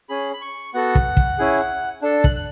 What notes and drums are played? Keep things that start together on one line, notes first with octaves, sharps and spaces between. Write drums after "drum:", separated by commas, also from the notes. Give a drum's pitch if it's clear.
C#4 G#4 B5
B5
C#6
B3 F#4 A4 F#5
drum: kick
drum: kick
C#4 E4 G#4
D4 A4
F#6, drum: kick
F#6